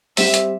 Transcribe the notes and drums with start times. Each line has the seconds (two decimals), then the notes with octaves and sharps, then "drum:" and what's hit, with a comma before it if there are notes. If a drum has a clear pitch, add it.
0.17 G3 C4 G4 E5, drum: open hi-hat
0.34 drum: hi-hat